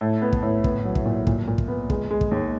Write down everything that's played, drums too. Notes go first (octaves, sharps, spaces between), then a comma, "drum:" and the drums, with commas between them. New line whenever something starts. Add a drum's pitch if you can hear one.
A2
B3
drum: kick
A2
B3, drum: kick
F#3
drum: kick
A#2
A#2, drum: kick
A#2
drum: kick
B3
G#3, drum: kick
G#3
drum: kick
D#2